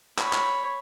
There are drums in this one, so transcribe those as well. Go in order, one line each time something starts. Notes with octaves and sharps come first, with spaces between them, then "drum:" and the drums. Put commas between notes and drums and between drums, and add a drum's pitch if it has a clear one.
C#5 B5, drum: clap
drum: clap